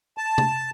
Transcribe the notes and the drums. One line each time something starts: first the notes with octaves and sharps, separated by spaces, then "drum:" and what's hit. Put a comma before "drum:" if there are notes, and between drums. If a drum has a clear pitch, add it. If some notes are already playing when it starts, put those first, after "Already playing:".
A5
drum: tom C3